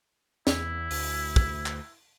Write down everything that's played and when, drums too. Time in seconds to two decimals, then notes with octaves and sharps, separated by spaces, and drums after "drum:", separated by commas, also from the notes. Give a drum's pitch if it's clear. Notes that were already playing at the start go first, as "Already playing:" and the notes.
0.47 E2 E4, drum: snare
0.91 D2, drum: open hi-hat
1.36 drum: kick
1.66 drum: clap